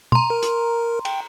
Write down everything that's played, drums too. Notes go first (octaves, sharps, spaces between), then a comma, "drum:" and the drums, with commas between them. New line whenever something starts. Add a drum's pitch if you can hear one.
A#5 C6, drum: tom
A#4
drum: hi-hat
G5, drum: cymbal